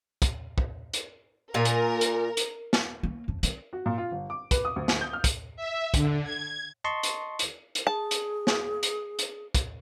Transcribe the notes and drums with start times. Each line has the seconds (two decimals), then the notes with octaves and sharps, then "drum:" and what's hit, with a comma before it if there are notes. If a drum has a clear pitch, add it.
0.22 drum: kick, hi-hat
0.58 drum: kick
0.94 drum: hi-hat
1.54 A#2 F4 A#4 G#5
1.65 drum: hi-hat
2.01 drum: hi-hat
2.37 drum: hi-hat
2.73 drum: snare
3.03 A#3
3.28 F2
3.43 C4, drum: hi-hat
3.73 F#4
3.86 A#2
3.98 F4
4.12 G1
4.30 D6
4.51 B4, drum: kick, hi-hat
4.65 D#6
4.76 D2
4.88 D2, drum: snare
5.01 G6
5.13 F6
5.24 drum: kick, hi-hat
5.56 E5
5.94 D3, drum: kick, hi-hat
6.23 G#6
6.84 D#5 A5 C6 C#6
7.03 drum: hi-hat
7.39 drum: hi-hat
7.75 drum: hi-hat
7.87 G#4 A5
8.11 drum: hi-hat
8.47 drum: snare
8.83 drum: hi-hat
9.19 drum: hi-hat
9.55 drum: kick, hi-hat